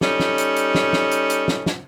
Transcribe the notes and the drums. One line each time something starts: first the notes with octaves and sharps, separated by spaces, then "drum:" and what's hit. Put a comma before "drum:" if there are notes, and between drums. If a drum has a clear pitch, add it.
G3 C#4 D#4 A4, drum: snare
drum: snare
drum: hi-hat
drum: hi-hat
drum: snare
drum: snare
drum: hi-hat
drum: hi-hat
drum: snare
drum: snare